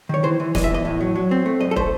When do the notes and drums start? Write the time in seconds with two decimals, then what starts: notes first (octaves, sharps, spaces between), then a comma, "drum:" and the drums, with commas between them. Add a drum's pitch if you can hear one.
0.09 D#3 C#5
0.24 E3 C5
0.40 E3
0.55 E3 D#5, drum: snare
0.64 E5
0.70 E2 D#5
0.85 A2
1.01 F#3
1.15 F#3
1.31 C4
1.46 A3
1.61 F#2 D#5
1.71 A4
1.76 A3 C5, drum: kick